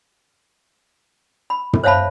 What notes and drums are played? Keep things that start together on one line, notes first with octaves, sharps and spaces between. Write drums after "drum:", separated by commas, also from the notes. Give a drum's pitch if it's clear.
B5
drum: tom
C5 C#5 E5 F5 A5 B5